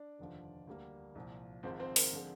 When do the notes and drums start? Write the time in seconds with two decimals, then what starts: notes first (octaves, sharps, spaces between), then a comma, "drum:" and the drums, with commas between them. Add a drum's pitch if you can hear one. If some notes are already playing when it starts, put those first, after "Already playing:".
Already playing: D4 D5
0.19 F1 D#2 D3 F3
0.67 D2 D3 G3 A#3
1.15 C2 A#2 F3
1.63 G#1 G#2 F3 C4 C5
1.80 C4 C5
1.96 A#4, drum: open hi-hat
2.13 D3 F3 G#3 C4